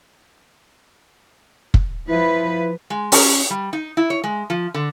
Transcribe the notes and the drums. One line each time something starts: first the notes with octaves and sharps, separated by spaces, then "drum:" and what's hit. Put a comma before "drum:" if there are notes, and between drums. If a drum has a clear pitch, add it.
drum: kick
F3 E4 B4
G#3
C#4, drum: open hi-hat
G3
D#4
E4
C#5
G#3
F3
D3